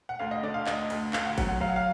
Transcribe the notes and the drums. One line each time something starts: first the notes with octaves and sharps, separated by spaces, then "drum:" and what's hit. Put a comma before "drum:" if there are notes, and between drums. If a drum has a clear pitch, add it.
F#5
D2 F5
D#5
D3 D5
F5
D2 D#5, drum: clap
D2, drum: cymbal
D2 F5, drum: clap
F#5
F#3 F#5, drum: kick G1, cymbal
F#5
F#3 F5
F#5
F5